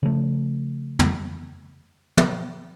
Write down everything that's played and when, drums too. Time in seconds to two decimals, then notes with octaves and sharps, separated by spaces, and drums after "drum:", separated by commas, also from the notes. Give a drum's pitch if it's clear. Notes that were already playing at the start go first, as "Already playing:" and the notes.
0.03 C#3 F3 A3
0.99 drum: tom
2.17 drum: tom